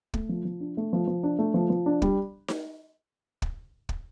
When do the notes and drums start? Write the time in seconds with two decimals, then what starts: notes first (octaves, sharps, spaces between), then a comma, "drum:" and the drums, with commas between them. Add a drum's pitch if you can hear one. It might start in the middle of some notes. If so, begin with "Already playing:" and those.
0.14 A3, drum: kick
0.29 F3
0.45 F3
0.60 D4
0.77 A3
0.93 F3
1.07 F3
1.23 D4
1.39 A3
1.54 F3
1.70 F3
1.86 D4
2.02 G3, drum: kick
2.48 drum: snare D#4
3.42 drum: kick
3.89 drum: kick